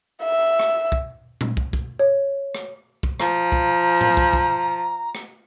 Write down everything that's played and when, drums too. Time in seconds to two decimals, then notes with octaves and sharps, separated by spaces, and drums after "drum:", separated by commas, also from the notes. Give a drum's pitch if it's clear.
0.24 E5
0.59 drum: rim click
0.92 drum: kick
1.41 drum: tom A#2
1.57 drum: kick
1.73 drum: kick
1.99 C#5
2.55 drum: rim click
3.03 drum: kick
3.20 F3 A#5, drum: rim click
3.52 drum: kick
4.01 drum: tom A2
4.17 drum: kick
4.33 drum: kick
5.15 drum: rim click